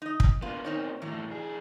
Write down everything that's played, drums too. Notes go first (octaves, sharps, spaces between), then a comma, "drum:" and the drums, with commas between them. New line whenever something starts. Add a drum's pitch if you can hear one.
D#4 D#5
drum: kick
B2 D3 A#3 F4 B4
C4 D#4 C#5
F#2 A2 E3 A#5
B1 G#4